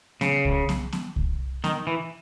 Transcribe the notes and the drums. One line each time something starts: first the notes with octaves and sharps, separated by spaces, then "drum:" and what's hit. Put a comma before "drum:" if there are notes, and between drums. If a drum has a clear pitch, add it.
C#3, drum: snare B3
drum: kick C2
drum: snare B3
drum: snare B3
drum: kick C2
D#3, drum: snare B3
E3